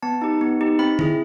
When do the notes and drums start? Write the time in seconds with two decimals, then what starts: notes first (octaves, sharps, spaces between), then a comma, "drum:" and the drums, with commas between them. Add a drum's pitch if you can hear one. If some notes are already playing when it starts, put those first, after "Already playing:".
0.02 B3 A5
0.22 D#4 G4
0.41 B3
0.61 D#4 G4
0.79 C4 B5
0.99 E4 G#4, drum: tom D3